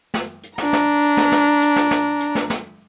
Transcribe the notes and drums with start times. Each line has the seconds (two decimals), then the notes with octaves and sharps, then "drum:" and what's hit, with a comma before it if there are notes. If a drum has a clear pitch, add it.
0.14 drum: snare
0.43 drum: hi-hat
0.58 D4 A#5, drum: snare
0.73 drum: snare
1.02 drum: hi-hat
1.17 drum: snare
1.32 drum: snare
1.61 drum: hi-hat
1.76 drum: snare
1.91 drum: snare
2.20 drum: hi-hat
2.35 drum: snare
2.50 drum: snare